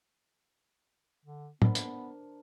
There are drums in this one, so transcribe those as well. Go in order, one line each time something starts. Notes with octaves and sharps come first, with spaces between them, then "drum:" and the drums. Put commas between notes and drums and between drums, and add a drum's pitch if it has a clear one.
D3
B3 D4 A#4 C5, drum: tom
drum: hi-hat